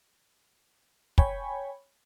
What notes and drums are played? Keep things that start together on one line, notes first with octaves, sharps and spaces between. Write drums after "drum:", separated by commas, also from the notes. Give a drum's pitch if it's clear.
C#5 G5 G#5 B5, drum: kick